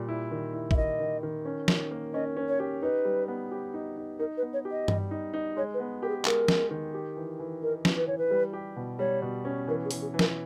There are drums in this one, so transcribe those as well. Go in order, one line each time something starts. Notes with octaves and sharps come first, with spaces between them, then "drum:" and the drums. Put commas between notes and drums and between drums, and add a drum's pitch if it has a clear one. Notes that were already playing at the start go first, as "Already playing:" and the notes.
Already playing: A#2 G3
E4
D#3
E4
E5, drum: kick
D#3 D#5
D#3
D#3
C#4
D#3, drum: snare
A#3
C#4 D#5
C#4
C#5
G4
D#4 B4
G3
B3
G4
D#4
D#4
D#4 A#4
B4
B3
C#5
G4
D#5
G3, drum: tom G2
D#4
D#4
G#3 C#5
B4
B3
G4 A#4
G#4
G#3 A#4, drum: clap
G#3, drum: snare
D#3
G4
E3
E3
D#4 A#4
E3, drum: snare
B4
E3 C#5
B4
G3
G4
B2
G3 C#5
B2
C#4
E3 A#4
G#4
E3, drum: open hi-hat
G#4
E3
A#4, drum: snare